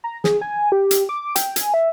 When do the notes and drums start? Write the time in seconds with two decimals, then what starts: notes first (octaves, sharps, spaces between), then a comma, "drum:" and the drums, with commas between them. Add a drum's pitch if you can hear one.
0.04 A#5
0.24 G#4, drum: snare
0.41 G#5
0.72 G4
0.91 drum: hi-hat
1.09 D6
1.36 G5, drum: hi-hat
1.56 G#5, drum: hi-hat
1.74 E5